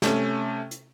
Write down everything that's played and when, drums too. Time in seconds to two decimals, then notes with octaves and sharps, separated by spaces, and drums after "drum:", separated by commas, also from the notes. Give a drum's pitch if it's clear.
0.02 C3 A3 C#4, drum: snare
0.71 drum: hi-hat